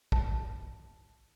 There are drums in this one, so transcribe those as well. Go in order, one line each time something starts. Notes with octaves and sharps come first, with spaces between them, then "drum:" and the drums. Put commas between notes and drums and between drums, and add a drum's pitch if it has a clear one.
A5, drum: kick